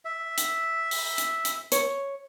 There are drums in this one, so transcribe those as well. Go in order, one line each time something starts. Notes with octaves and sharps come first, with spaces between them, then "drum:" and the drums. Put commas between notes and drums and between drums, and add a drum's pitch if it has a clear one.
E5
drum: hi-hat
drum: open hi-hat
drum: hi-hat
drum: hi-hat
C#5, drum: hi-hat